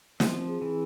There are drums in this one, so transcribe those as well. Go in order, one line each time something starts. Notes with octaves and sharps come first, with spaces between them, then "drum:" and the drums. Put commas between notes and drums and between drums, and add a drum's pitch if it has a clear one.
F3 C4, drum: snare
G#4
E3